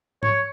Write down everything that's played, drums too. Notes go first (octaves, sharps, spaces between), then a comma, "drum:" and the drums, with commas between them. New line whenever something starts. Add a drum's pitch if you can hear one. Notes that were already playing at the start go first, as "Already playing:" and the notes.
C#5, drum: tom G#2